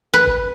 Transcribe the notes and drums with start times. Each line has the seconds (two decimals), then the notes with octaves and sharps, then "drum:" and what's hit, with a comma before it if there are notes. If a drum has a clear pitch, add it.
0.14 B4
0.27 drum: kick G#1